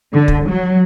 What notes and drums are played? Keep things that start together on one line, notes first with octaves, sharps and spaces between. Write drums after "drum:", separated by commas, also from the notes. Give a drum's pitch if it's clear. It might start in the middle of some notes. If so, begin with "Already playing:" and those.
D3
drum: kick
F#3